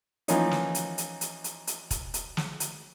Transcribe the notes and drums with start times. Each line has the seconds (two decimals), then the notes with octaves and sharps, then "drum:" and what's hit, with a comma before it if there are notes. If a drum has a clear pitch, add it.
0.28 E3 F3 A#3 C#4 D#4, drum: hi-hat
0.51 drum: snare
0.75 drum: hi-hat
0.98 drum: hi-hat
1.21 drum: hi-hat
1.44 drum: hi-hat
1.67 drum: hi-hat
1.91 drum: kick E1, hi-hat
2.14 drum: hi-hat
2.37 drum: snare
2.60 drum: hi-hat